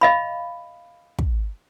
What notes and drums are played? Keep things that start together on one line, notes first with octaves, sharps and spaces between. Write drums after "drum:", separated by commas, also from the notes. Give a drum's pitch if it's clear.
D#5 F5 B5
drum: kick